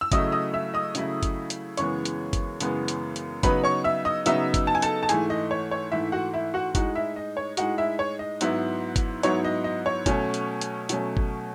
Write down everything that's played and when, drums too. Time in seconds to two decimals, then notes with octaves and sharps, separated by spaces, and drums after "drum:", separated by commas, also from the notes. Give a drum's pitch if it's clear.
0.01 E6
0.12 C#3 F#3 A3 E4 D#5 D#6, drum: kick G1, hi-hat
0.32 D#5 D#6
0.54 E5 E6
0.74 D#5 D#6
0.95 C#3 F#3 A3 E4, drum: hi-hat
1.23 drum: kick G1, hi-hat
1.50 drum: hi-hat
1.77 F#2 C#3 E3 G#3 B3 C#5 C#6, drum: hi-hat
2.05 drum: hi-hat
2.33 drum: kick G1, hi-hat
2.60 F#2 C#3 E3 G#3 B3, drum: hi-hat
2.88 drum: hi-hat
3.16 drum: hi-hat
3.43 C#3 F#3 B3 D#4 B4 B5, drum: kick G1, hi-hat
3.64 C#5 C#6
3.84 E5 E6
4.05 D#5 D#6
4.26 C#3 F#3 B3 D#4 E5 E6, drum: hi-hat
4.54 drum: kick G1, hi-hat
4.67 A5
4.75 G#5
4.82 A4 A5, drum: hi-hat
5.03 A5
5.09 G#2 E3 A3 G#4 G#5, drum: hi-hat
5.30 D#5
5.51 C#5
5.71 C#5
5.92 G#2 E3 A3 E4 E5
6.12 F#4 F#5
6.33 E4 E5
6.54 F#4 F#5
6.75 A2 G#3 D#4 F#4 F#5, drum: kick G1, hi-hat
6.95 E4 E5
7.16 D#5
7.37 C#5
7.57 A2 G#3 D#4 F#4 F#5, drum: hi-hat
7.78 E4 E5
7.99 C#5
8.19 D#5
8.41 G#2 F#3 B3 E4, drum: hi-hat
8.96 drum: kick G1, hi-hat
9.23 G#2 F#3 B3 E4 C#5, drum: hi-hat
9.45 D#5
9.64 D#5
9.86 C#5
10.06 B2 F#3 A3 C#4, drum: kick G1, hi-hat
10.34 drum: hi-hat
10.61 drum: hi-hat
10.89 B2 F#3 A3 C#4, drum: hi-hat
11.17 drum: kick G1